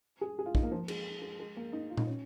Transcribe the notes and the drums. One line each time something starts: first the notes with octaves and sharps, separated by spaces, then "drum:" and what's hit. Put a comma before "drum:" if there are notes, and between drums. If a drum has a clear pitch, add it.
G#4
G#4
F4
D#4, drum: kick
A#3
F3
G#3, drum: cymbal
G#3
G#3
A#3
D#4
F4
D#4, drum: tom A#2
C#4